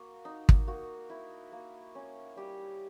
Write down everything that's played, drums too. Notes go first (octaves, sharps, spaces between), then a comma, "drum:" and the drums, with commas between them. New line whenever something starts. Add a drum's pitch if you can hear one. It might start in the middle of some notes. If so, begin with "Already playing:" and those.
Already playing: A#3 F#4
D#4
drum: kick
A#3 F#4
E4
A#3
C#4
G3 G4